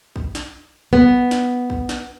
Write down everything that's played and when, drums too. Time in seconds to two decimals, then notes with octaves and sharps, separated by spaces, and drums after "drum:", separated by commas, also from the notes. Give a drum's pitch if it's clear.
0.16 drum: kick
0.35 drum: snare
0.93 B3, drum: kick
1.31 drum: snare
1.70 drum: kick
1.89 drum: snare